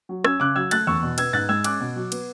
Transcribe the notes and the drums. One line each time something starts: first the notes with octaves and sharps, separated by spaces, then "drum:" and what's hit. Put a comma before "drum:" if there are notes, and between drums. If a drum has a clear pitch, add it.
F#3
C#4 E6 G#6, drum: rim click
C#3 D6 F#6
F#3 E6 G#6
A3 F#6 A6, drum: cymbal
E2 C#6 E6
B2
B3 E6 G#6, drum: cymbal
G#2 F#6 A6
G#3 E6 G#6
C#4 D6 F#6, drum: cymbal
B2
F#3
B3, drum: cymbal